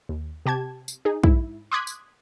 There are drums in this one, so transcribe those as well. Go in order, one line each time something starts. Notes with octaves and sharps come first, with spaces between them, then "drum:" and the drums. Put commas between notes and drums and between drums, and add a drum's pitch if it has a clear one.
D#2
C3 G4 A5 G#6
drum: tambourine
D#4 G#4
G#2 E4, drum: kick
C6 D6 D#6 F#6 G#6 B6
drum: tambourine